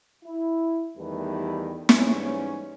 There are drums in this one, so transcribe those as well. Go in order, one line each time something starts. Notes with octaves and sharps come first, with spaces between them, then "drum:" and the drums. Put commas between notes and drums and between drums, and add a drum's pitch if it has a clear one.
E4
E2 D#3 G3 A3 G4 B4
G#2 E3 G3 C#4, drum: snare